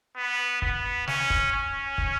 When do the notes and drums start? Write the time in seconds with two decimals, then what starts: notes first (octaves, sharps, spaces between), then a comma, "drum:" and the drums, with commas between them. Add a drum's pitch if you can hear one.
0.17 B3
0.62 B3, drum: kick
1.07 C#4, drum: snare
1.30 drum: kick
1.53 C#4
1.98 drum: kick